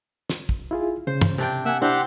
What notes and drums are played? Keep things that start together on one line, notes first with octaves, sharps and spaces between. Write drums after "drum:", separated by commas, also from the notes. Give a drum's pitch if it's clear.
drum: snare
drum: kick
E4 F4 G#4
C#3 C5
drum: tom
C3 D4 G5
A#3 E5 F#5 G#5 E6
C4 D4 E4 G4 F#5 C6